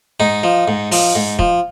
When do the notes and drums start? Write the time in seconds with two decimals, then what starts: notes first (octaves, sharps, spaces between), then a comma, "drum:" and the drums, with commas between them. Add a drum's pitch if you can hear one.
0.20 G#2 D#4
0.43 F3
0.68 G#2
0.92 F3, drum: open hi-hat
1.15 G#2
1.39 F3, drum: kick